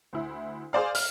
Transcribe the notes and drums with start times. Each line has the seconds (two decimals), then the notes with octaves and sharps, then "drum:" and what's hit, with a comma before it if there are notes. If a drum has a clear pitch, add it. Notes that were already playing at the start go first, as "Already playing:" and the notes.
0.13 D2 E4
0.73 G#4 C5 D5 F5
0.95 F6, drum: open hi-hat